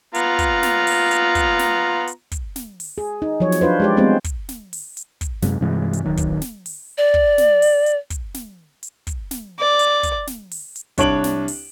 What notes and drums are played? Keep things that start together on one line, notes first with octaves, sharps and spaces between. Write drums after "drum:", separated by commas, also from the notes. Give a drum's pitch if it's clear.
B3 F4 A#5, drum: hi-hat
drum: kick, hi-hat
drum: snare
drum: open hi-hat
drum: hi-hat
drum: kick, hi-hat
drum: snare
drum: hi-hat
drum: kick, hi-hat
drum: snare
drum: open hi-hat
G#4
D#4
F3 F#3 C#5
drum: snare
D4 F4 B4 C5
G#3 G4 D5
G3 G#3 B3 C4 C5
drum: kick, hi-hat
drum: snare
drum: open hi-hat
drum: hi-hat
drum: kick, hi-hat
F#2 C3 G#3, drum: snare
G2 C3 E3 G#3
drum: hi-hat
D1 A#1 D#3 F#3
drum: kick, hi-hat
drum: snare
drum: open hi-hat
D5
drum: kick
drum: snare
drum: open hi-hat
drum: hi-hat
drum: kick, hi-hat
drum: snare
drum: hi-hat
drum: kick, hi-hat
drum: snare
D5
drum: hi-hat
drum: kick, hi-hat
drum: snare
drum: open hi-hat
drum: hi-hat
C2 D4 C#5 A5 D7 F#7, drum: kick, hi-hat
drum: snare
drum: open hi-hat